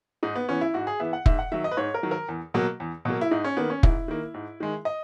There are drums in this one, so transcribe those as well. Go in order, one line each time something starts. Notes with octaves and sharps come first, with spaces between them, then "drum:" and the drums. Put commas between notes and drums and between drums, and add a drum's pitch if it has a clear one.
G#2 D#4
B3
E3 B3 C#4
E4
G#2 F#4
G#4
E3 B3 E5
F#5
G#2 E5, drum: kick
F#5
D#3 F#3 E5
D#5
B4
G#2 C#5
A#4
D#3 F#3
A#4
E2
B2 F#3 A#3
E2
B2 F#3 A#3
E4
G#2 D#4
C#4
D#3 A#3 B3
C#4
G#2 E4, drum: kick
D#3 A#3
G#2
D#3 G#3
D#5